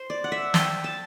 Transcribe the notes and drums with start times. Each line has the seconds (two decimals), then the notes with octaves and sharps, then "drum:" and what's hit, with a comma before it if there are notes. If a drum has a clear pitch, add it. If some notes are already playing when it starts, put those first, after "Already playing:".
Already playing: C5
0.10 D5
0.24 F#5
0.32 E5
0.54 G5, drum: snare
0.84 A5